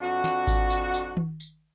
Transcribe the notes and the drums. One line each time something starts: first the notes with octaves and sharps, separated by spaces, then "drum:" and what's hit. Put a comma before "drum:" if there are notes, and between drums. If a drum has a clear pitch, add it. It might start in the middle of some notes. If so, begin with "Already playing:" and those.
F2 D4 F#4
drum: snare
drum: kick G#1, tambourine
drum: tambourine
drum: tambourine
drum: tom D#3
drum: tambourine